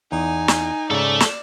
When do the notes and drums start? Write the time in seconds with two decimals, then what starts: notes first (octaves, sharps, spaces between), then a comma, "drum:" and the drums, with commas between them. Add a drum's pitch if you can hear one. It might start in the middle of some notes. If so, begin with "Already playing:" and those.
0.12 E2 D#4 G#5
0.48 drum: snare
0.91 G#2 C#3 A3 A4 D5
1.20 drum: snare